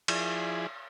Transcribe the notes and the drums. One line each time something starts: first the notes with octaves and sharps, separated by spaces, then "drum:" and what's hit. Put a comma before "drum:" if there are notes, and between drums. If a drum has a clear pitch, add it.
F3 E4 G#4 D5, drum: cymbal